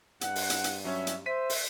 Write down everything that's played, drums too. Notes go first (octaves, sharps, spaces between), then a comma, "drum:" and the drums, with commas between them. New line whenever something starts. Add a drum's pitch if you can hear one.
G2 F#5, drum: hi-hat
drum: open hi-hat
drum: hi-hat
drum: hi-hat
F#3 C#4 C#5 E5
drum: hi-hat
C5 E5 B6 D#7
drum: open hi-hat